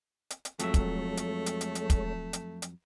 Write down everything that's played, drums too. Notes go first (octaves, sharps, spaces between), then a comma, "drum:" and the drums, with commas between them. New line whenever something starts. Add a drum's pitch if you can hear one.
drum: hi-hat
drum: hi-hat
F2 F#3 G#3 A3 A4 C#5 E5, drum: hi-hat
drum: kick, hi-hat
drum: hi-hat
drum: hi-hat
drum: hi-hat
drum: hi-hat
drum: kick, hi-hat
drum: hi-hat
drum: hi-hat